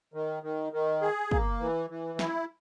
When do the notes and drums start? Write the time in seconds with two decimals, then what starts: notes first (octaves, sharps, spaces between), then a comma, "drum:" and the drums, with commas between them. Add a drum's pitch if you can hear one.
0.14 D#3
0.43 D#3
0.73 D#3
1.02 G#4
1.31 A#3, drum: kick
1.60 E3
1.90 E3
2.19 E4, drum: snare